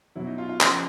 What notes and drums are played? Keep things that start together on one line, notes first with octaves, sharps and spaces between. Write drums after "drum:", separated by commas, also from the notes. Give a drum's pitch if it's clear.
B2 F#3 E4
D#4
F4
F4
C#3 F3 F4, drum: clap